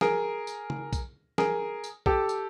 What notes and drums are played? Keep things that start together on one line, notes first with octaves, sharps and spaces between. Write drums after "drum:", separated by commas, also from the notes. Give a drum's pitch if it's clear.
G#4 A#4, drum: snare
drum: tambourine
drum: tom
drum: kick B1, tambourine
G#4 A#4, drum: snare
drum: tambourine
G4 A4, drum: kick B1
drum: tambourine